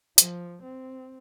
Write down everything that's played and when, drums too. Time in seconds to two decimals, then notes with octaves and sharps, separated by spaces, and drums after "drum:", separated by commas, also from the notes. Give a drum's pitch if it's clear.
0.18 F3, drum: hi-hat
0.63 C4